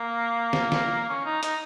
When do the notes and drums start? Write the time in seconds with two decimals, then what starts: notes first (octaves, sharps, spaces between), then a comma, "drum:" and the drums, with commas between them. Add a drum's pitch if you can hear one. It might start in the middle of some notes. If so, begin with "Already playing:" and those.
Already playing: A#3
0.53 drum: snare
0.72 drum: snare
1.09 C#4
1.25 D#4
1.43 D#4, drum: hi-hat